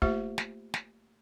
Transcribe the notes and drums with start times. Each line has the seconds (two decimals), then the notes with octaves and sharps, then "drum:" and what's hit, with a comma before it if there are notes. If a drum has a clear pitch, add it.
0.02 A3 A#3 F4 G4 C5 E5, drum: kick
0.38 drum: snare
0.74 drum: snare